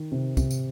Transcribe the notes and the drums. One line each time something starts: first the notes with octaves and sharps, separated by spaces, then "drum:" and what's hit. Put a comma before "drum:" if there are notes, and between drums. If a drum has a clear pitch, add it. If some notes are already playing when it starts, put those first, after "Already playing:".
Already playing: D#3
C3
C3, drum: kick, tambourine
drum: tambourine